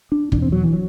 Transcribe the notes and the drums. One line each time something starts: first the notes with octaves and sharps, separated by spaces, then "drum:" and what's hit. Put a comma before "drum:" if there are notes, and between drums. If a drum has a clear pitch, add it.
D4
E2 B2 D4, drum: kick
C4
F#3
E3
F#3